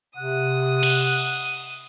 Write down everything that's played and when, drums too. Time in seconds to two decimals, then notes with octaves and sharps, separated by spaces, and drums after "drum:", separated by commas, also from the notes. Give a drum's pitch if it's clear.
0.17 C3 F#5 D#6
0.83 drum: cymbal